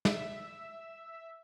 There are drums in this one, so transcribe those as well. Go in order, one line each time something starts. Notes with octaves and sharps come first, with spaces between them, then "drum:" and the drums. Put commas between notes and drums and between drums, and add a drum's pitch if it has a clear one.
E5, drum: snare